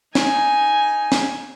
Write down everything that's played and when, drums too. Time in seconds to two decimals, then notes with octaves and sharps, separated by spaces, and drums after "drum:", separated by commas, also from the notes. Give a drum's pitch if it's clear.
0.15 D#4 G#5, drum: snare
1.12 drum: snare